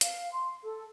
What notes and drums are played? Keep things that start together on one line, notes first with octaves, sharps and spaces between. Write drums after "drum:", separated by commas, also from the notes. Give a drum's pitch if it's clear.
F5, drum: hi-hat
C6
A4